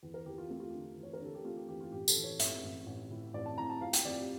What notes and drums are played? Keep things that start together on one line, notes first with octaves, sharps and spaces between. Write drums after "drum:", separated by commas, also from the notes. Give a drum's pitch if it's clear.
E2
A#4
E2 G4
F4
A3 G4
F4
D3 G4
E2
C#5
A#4
D3 A4
G4
A3 F4
G4
E2 G4
F4
A1 G4
A4, drum: tambourine
E3
C#5
A1 E5, drum: hi-hat
A1
A1
A2
A1 D5
A5
A2 A#5
A5
F2 F5
G5, drum: hi-hat
F2 D5
G4